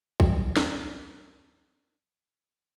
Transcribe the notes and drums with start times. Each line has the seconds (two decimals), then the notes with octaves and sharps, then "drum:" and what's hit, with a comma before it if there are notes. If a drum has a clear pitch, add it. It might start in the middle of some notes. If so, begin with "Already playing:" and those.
0.20 F2 E3 F#3 G3, drum: kick
0.57 drum: snare